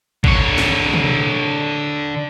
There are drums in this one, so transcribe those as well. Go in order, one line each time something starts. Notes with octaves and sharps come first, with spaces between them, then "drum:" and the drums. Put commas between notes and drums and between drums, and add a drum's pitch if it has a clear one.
D3 C#5, drum: kick A1
drum: snare
drum: tom